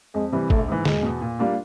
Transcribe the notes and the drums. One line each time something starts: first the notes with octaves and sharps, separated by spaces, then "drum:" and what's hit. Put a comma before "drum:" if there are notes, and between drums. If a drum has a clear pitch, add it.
F2 G#3
C3 E3 G3
A#1 A3, drum: kick
G#2 E3
E1 G#3, drum: snare
E2 B2
A#2
G3 A#3 D4 F4